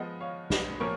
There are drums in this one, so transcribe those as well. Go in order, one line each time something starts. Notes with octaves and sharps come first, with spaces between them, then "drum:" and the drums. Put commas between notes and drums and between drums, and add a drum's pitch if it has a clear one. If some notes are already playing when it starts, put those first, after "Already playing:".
Already playing: F3 G#3 B3 D#5 F#5
C#5 F5
B4 D#5, drum: snare
A#2 F3 A#4 C#5